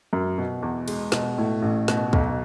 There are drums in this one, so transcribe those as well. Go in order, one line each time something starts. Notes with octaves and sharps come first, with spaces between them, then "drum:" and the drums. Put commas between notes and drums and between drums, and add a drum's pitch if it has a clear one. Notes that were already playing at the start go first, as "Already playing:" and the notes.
F#2
B2
E2
G#3, drum: cymbal
B2, drum: snare
A2
A1
B2, drum: snare
B1, drum: kick